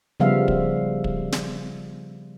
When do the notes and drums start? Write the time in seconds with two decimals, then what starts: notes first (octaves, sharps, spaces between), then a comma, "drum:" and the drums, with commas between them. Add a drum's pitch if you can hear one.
0.20 C#3 F3 G3 B3 E5 F5
0.48 drum: kick
1.04 drum: kick
1.32 drum: snare